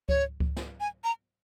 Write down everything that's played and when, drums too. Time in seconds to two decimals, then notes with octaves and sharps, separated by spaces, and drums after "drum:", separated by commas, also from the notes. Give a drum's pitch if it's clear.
0.09 C#5, drum: kick C#2
0.40 drum: kick C#2
0.56 drum: snare
0.80 G#5
1.04 A#5